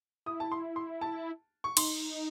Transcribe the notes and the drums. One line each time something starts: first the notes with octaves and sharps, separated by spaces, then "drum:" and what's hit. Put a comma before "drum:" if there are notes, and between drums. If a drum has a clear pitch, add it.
E4 D#6
A5
C6
C6
A5
C#6
D#4 C6, drum: cymbal